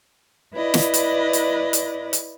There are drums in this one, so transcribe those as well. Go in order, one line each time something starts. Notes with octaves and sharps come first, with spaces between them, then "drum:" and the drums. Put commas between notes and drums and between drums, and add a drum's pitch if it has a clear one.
E4 B4 D5 D#5
drum: snare
drum: hi-hat
drum: hi-hat
drum: hi-hat
drum: hi-hat